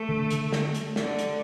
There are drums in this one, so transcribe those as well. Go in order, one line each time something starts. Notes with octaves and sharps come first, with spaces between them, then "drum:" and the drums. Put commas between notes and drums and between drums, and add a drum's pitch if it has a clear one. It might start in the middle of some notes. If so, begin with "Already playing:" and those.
Already playing: A3
D3
drum: hi-hat
drum: snare
drum: hi-hat
D3, drum: snare
drum: hi-hat